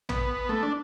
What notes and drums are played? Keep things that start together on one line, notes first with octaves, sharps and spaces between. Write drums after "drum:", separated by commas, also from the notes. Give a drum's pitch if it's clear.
B3, drum: tom
A3
D4